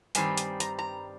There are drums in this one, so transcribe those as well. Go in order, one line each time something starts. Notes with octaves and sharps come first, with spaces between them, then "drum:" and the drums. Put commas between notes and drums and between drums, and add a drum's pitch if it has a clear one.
G2 D#3 G3 C4 G#5, drum: hi-hat
drum: hi-hat
A#5, drum: hi-hat
A#5